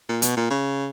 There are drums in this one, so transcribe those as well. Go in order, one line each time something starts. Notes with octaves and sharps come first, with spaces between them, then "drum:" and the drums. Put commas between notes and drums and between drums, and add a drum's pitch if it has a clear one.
A#2
B2, drum: hi-hat
A#2
C#3